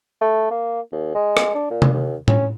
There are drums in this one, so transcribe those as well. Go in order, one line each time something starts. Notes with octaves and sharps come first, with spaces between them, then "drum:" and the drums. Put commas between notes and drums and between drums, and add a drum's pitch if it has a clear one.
A3
A#3
D#2
G#3
drum: rim click
D4
A#2
drum: tom C3
D#2
C#4, drum: tom A2